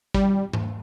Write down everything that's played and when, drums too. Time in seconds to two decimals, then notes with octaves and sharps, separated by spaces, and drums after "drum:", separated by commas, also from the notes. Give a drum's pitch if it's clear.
0.14 G3, drum: kick
0.53 drum: tom G#2